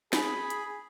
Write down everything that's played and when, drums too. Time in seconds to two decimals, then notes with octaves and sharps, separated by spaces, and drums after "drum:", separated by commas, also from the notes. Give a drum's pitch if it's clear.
0.13 G#4 B5, drum: snare
0.50 drum: hi-hat